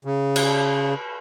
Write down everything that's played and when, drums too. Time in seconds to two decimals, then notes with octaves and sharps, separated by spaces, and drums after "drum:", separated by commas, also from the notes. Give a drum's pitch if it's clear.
0.05 C#3
0.36 drum: cymbal